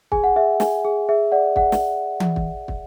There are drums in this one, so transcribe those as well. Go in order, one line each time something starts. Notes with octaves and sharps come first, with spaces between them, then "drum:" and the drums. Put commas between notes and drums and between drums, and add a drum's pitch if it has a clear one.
G#4 G#5, drum: kick
F#5
G#4 E5
G#4 G#5, drum: snare
G#4
G#4 E5
D5 F#5
G#4 F#5, drum: kick
drum: snare
drum: tom E3
drum: kick
drum: kick